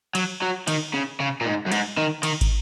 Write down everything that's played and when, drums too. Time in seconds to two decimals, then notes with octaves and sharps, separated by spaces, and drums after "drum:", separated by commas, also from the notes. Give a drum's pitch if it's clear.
0.15 F#3, drum: cymbal
0.42 F#3
0.68 D#3, drum: cymbal
0.94 C#3
1.20 C#3
1.41 A#2
1.46 G#2
1.67 F#2
1.72 G#2, drum: cymbal
1.97 D#3
2.23 D#3, drum: cymbal
2.41 drum: kick, cymbal